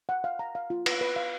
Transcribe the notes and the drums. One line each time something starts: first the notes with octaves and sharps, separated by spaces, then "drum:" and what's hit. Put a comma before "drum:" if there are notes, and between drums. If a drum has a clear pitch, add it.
F#5
F5
A#5
F5
F4
B4, drum: cymbal
B4
F5